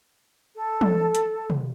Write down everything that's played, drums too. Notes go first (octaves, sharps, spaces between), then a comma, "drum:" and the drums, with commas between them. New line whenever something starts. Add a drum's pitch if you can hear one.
A4
drum: tom
drum: hi-hat
drum: tom